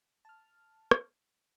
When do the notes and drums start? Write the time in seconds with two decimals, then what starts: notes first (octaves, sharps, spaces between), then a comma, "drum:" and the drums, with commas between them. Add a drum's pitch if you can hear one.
0.25 A5 F6
0.91 drum: rim click